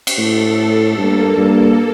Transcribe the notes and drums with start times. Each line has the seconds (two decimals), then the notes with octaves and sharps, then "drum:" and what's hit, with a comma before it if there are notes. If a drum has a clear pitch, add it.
0.07 drum: cymbal
0.18 A2 A4
0.97 G2 A#3
1.36 G2